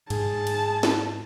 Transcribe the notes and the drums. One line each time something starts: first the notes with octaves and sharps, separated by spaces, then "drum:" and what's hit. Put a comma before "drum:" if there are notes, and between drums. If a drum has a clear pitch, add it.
G#2 G#4 A5, drum: cymbal
drum: cymbal
drum: snare